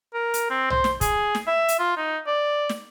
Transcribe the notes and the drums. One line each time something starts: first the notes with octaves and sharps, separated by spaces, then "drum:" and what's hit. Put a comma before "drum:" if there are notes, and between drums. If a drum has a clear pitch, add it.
A#4
drum: hi-hat
C4
C5, drum: tom B1
drum: snare
G#4, drum: kick, hi-hat
drum: snare
E5
drum: hi-hat
F4
D#4
D5
drum: snare